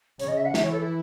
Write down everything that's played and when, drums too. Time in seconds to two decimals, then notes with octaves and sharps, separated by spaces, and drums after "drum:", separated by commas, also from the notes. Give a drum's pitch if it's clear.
0.20 C#3 C#5, drum: hi-hat
0.28 D#5
0.37 E5
0.46 F#5
0.54 E3 E5, drum: snare
0.62 C#5
0.71 A4
0.80 E4